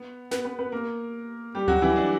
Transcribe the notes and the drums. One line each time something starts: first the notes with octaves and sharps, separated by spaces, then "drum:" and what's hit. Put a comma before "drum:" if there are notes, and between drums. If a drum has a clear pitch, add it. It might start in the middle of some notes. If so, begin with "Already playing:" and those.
Already playing: B3
B3 B4, drum: snare
B3 B4
B3 B4
A#3 A#4
G3 G4
F#3 F#4, drum: tom D2
E3 E4
D4